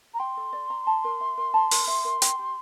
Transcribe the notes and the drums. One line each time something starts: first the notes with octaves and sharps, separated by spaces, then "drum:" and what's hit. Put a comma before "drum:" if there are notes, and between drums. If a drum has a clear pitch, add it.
A#5
G5 C6
A4
D5
A#5
A5
A#4
E5
A#4
A5
A#4, drum: open hi-hat
E5
A#4
G5, drum: hi-hat
G4